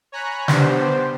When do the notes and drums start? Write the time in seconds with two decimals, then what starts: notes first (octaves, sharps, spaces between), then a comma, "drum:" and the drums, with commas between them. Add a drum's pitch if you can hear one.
0.12 C#5 G#5 A#5 B5 F#6
0.48 B3 D4 G4 C5, drum: snare